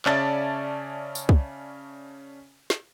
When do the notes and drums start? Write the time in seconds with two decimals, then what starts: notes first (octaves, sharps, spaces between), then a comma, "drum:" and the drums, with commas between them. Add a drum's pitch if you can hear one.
0.06 C#3 C#4 D5 E5 A5 A6, drum: clap
1.15 drum: tambourine
1.29 drum: kick
2.70 drum: snare